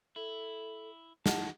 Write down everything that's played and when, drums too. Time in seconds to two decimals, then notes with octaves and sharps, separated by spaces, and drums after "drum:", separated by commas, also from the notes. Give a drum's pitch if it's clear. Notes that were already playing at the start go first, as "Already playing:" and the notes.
0.16 E4 A4
1.26 F#2 D#4 F#4 A5, drum: snare